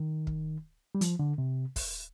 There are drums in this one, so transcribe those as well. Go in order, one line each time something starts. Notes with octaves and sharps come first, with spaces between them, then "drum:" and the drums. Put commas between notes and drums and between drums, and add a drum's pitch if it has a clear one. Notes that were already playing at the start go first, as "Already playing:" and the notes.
Already playing: D#3
drum: kick
G3
F3, drum: hi-hat
D3
C3
drum: kick, open hi-hat